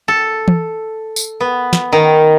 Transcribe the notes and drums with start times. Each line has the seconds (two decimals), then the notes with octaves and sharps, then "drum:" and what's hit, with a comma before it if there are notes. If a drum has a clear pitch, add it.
0.08 A4
0.48 drum: tom
1.16 drum: tambourine
1.41 B3
1.73 drum: snare
1.92 D#3